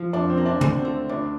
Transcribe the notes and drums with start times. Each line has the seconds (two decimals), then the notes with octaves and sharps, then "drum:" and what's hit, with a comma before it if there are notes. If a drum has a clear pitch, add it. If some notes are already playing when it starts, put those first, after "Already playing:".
Already playing: F3
0.13 F2 D4
0.30 C4
0.38 A#3
0.46 D4
0.61 D2, drum: tom
0.77 C4
0.85 A3
1.09 D2 D4